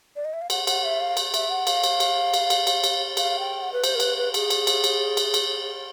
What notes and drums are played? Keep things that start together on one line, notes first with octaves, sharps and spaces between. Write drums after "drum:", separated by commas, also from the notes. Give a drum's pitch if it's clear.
D5
D#5
E5
F5
F#5, drum: cymbal
F#5, drum: cymbal
E5
F5
drum: cymbal
E5, drum: cymbal
F#5
F5, drum: cymbal
drum: cymbal
drum: cymbal
drum: cymbal
drum: cymbal
drum: cymbal
drum: cymbal
F5, drum: cymbal
G5
F#5
B4
C5, drum: cymbal
A#4
B4, drum: cymbal
B4
G#4, drum: cymbal
drum: cymbal
drum: cymbal
drum: cymbal
drum: cymbal
drum: cymbal